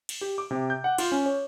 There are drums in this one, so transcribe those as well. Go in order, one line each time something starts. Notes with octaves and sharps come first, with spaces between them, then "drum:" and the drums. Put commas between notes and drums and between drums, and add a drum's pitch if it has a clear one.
drum: cymbal
G4
D6
C3
G6
F#5
F4, drum: cymbal
C#4
C#5